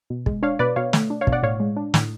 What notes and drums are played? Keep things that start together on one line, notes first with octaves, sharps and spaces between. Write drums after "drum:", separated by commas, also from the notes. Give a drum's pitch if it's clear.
B2
G#3, drum: kick
D4 C#5 F5
B2 B4 D5
B2 C#5 F5
A3, drum: snare
D4
C#5 F5
B2, drum: kick
D5 F#5
A2 C#5 F5
G#3
D4
A2, drum: snare